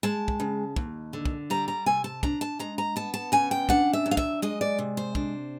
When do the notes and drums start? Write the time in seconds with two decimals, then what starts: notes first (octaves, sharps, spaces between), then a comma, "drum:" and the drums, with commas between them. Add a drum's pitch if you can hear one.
0.03 G#3 A5
0.28 drum: kick
0.40 C#3
0.76 D#2, drum: kick
1.13 D3
1.25 drum: kick
1.50 G3 A#5
1.68 A#5
1.86 C3 G#5
2.04 A5
2.23 D4 A#5, drum: kick
2.41 A5
2.59 G#3 A#5
2.78 A#5
2.96 B3 A5
3.14 A5
3.32 C#3 G#5
3.51 G5
3.69 D4 F#5, drum: kick
3.93 E5
4.06 F#3
4.11 F5
4.17 E5, drum: kick
4.42 G#3 D#5
4.61 D5
4.79 C3
4.97 C5
5.15 D4, drum: kick